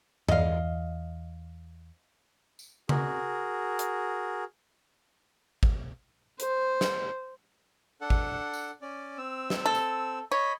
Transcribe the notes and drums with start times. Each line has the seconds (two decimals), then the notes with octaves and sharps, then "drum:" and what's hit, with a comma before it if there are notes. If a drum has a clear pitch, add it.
0.29 E2 D#5 F5, drum: tom G2
2.59 drum: tambourine
2.89 F#4 G#4 A#4, drum: tom C#3
3.79 drum: hi-hat
5.63 drum: kick G#1
6.40 C5, drum: hi-hat
6.81 drum: snare
8.01 D4 A4 F#5
8.10 drum: kick G#1
8.54 drum: tambourine
8.82 C#4 D5
9.18 C4 E6
9.50 drum: snare
9.66 A4
9.75 drum: tambourine
10.32 C#5 D#5 B5